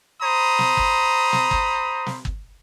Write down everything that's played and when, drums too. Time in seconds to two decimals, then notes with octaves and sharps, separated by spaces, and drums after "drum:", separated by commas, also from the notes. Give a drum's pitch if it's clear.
0.22 C5 A#5 B5 D#6
0.59 drum: snare
0.77 drum: kick
1.33 drum: snare
1.51 drum: kick
2.06 drum: snare
2.25 drum: kick